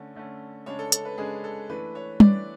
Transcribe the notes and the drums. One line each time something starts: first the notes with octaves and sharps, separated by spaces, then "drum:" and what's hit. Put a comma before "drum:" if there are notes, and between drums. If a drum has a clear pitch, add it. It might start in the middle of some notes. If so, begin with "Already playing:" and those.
Already playing: D3 A3 C#4
D3 A3 C#4
C#3 G#3 D4 C#5
A4
A4, drum: hi-hat
B4
C#3 G#3 D4 G#4
A4
E3 A3 D4 B4
C#5
E3 A3 D4 D5, drum: tom G3